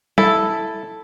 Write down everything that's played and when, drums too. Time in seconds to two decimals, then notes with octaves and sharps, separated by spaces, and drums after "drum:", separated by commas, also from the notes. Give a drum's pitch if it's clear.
0.18 E4 A4, drum: tom